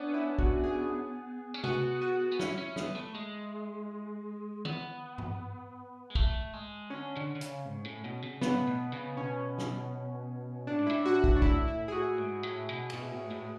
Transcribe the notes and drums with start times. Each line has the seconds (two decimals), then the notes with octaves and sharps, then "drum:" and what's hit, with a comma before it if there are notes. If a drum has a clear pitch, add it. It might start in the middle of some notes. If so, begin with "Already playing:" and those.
Already playing: B3 C#4 D4
0.14 E4
0.39 F#4, drum: kick
0.64 G#4
1.54 C#4
1.64 B3 F#4, drum: tom C3
2.02 F#4
2.32 B3
2.39 C#4 E4, drum: snare
2.58 C#4
2.76 B3, drum: snare
2.95 A3
3.15 G#3
4.65 B3, drum: tom D#3
5.18 drum: tom G2
6.10 G#3
6.15 A3, drum: kick
6.53 G#3
6.90 D3 C#4
7.17 D3
7.35 D3
7.41 C#3, drum: hi-hat
7.66 G#2
7.85 A2
8.04 B2
8.22 C#3
8.41 C#3 B3, drum: snare
8.55 A2
8.67 B2
8.92 C#3
9.16 B2 C#4
9.58 drum: snare
10.67 A2 D4
10.79 G#2
10.87 A2 E4
11.06 F#4
11.24 F#4, drum: kick
11.36 D4
11.42 E4, drum: kick
11.68 E4
11.88 G#4
11.92 F#4
12.18 G#2
12.43 A2
12.69 B2
12.90 A2, drum: cymbal
12.93 B2
13.12 A2
13.31 A2